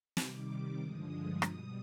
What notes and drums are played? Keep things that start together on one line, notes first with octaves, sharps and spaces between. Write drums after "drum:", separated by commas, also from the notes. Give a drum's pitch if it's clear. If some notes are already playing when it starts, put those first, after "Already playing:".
C3 D#3 G3 D6, drum: snare
G2 D3 F3 G#3 D#6
B2 G3 D#6, drum: rim click